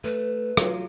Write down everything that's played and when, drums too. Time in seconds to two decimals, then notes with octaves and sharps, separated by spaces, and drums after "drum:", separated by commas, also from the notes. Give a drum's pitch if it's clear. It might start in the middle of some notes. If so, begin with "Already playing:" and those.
0.04 A3 B4
0.57 F#3 F4, drum: rim click